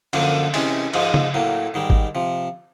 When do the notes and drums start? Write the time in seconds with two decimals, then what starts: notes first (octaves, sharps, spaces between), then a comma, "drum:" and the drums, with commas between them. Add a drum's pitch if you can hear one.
0.13 F#2 D3 F3 A#3 D4, drum: cymbal
0.54 C3 E3 G#3 C#4, drum: cymbal
0.93 G#2 F3 G#3, drum: cymbal
1.14 drum: tom C#3
1.34 A2 F#3 A#3
1.74 G#2 D#3 G3
1.90 drum: kick G#1
2.15 C3 F3